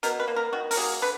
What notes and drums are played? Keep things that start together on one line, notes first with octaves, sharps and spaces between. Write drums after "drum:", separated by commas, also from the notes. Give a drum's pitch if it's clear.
B2 A#4, drum: hi-hat
B4
A#3
A#4
D#3 F#4
A#4, drum: open hi-hat
F#3 A#3 G#4
D3 B4